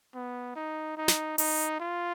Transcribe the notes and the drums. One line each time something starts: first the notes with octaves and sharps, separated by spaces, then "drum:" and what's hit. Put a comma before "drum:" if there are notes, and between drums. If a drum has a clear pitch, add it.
B3
D#4
D#4
drum: snare
D#4, drum: open hi-hat
F4